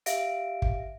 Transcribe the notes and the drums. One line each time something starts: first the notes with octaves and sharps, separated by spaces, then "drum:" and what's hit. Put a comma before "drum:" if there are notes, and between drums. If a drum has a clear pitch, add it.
G4 E5 F5 A#6 D7, drum: hi-hat
drum: kick